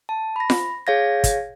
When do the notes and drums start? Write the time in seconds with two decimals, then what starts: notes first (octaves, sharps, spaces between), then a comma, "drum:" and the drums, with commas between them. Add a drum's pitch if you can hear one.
0.09 A5
0.36 B5 A#6
0.50 drum: snare F4
0.87 G#4 C#5 F5 G#6 A#6
1.24 drum: kick, hi-hat